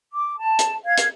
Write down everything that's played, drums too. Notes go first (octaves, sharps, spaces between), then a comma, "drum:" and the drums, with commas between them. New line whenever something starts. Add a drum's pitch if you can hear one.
D6
A5
drum: hi-hat
F5 G#6
drum: hi-hat